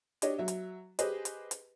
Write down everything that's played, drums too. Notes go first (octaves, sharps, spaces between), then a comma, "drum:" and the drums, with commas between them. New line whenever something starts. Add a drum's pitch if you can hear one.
D4 G4 C#5 D#5, drum: hi-hat
F#3 E5
drum: hi-hat
G4 G#4 B4 C5 D#5, drum: hi-hat
drum: hi-hat
drum: hi-hat